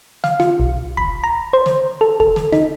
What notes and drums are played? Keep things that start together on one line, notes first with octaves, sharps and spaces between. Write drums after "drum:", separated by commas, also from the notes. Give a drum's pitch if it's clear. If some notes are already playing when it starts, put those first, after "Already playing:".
F5, drum: snare
F4, drum: snare
B1
B5, drum: kick D2
A#5
C5
drum: snare
A4
A4, drum: kick D2
drum: snare
D#4, drum: snare